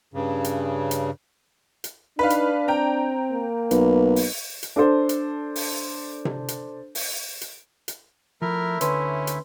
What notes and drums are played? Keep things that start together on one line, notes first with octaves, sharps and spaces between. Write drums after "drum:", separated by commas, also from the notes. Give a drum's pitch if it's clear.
G2 C#3
drum: hi-hat
drum: hi-hat
drum: hi-hat
D4 D#4 B4 F5
drum: hi-hat
C4 G5 A#5
A#3
B1 B4, drum: hi-hat
drum: open hi-hat
drum: hi-hat
D4 A4 C5
drum: hi-hat
drum: open hi-hat
drum: tom C3
drum: hi-hat
drum: open hi-hat
drum: hi-hat
drum: hi-hat
F3 A3 E4 A#4 E5
D2 D3 C#4 B4 C6, drum: hi-hat
drum: hi-hat